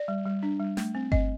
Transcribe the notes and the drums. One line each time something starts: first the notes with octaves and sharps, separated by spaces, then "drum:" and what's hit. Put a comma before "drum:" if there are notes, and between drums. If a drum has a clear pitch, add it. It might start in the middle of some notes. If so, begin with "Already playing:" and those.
Already playing: D5
G3
G3
D4
G3
A3, drum: snare
C4
C4 D#5, drum: kick G1